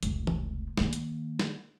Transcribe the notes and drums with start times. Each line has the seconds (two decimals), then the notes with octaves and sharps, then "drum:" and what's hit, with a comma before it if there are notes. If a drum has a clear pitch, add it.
0.03 F1 C#2, drum: hi-hat
0.27 drum: tom
0.77 D#3 A#3, drum: snare
0.93 drum: hi-hat
1.39 drum: snare